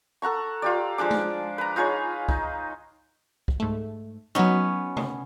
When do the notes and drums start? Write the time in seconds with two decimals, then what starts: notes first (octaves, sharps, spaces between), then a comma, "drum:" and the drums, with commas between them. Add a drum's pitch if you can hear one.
0.22 A4 F#5 A#5 C#6
0.62 F4 G4 D5
0.98 F3 G#3 D4 D6
1.11 drum: tom G#3
1.58 B4 A#5
1.76 D#4 F4 G#4 C#5
2.29 D#4, drum: kick
3.48 drum: kick
3.60 G#2 A3
4.35 F#3 B3 C#4 D#4
4.97 drum: tom